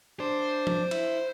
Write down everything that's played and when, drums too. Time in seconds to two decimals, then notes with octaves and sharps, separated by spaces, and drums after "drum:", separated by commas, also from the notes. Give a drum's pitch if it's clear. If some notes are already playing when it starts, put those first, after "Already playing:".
0.20 D4 C5
0.67 drum: tom
0.91 E4, drum: cymbal